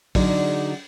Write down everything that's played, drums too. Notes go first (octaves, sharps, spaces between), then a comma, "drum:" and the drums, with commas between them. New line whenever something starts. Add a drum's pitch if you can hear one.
D3 F#3 D4 D#4 G#4, drum: kick, open hi-hat